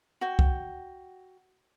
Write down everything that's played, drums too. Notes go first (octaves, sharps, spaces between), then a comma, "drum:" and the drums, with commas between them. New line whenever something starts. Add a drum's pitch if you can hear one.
F#4 G5
drum: kick C2